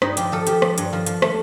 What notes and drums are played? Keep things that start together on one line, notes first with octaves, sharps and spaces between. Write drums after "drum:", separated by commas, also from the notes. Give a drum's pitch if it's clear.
G2 D#4, drum: rim click
F3 G4, drum: hi-hat
F3 A4
F3 G4, drum: hi-hat
F3, drum: rim click
G2, drum: hi-hat
F3
F3, drum: hi-hat
A3, drum: rim click